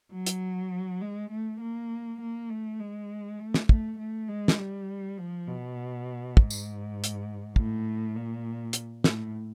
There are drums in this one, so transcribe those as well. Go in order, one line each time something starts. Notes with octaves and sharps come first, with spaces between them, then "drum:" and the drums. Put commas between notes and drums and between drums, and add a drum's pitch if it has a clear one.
F#3
drum: hi-hat
G#3
A3
A#3
A#3
A3
G#3
A3
drum: snare
A3, drum: kick
A3
G#3
drum: snare
G3
F3
B2
G#2, drum: kick
drum: tambourine
drum: hi-hat
A2, drum: kick
A#2
drum: hi-hat
A2, drum: snare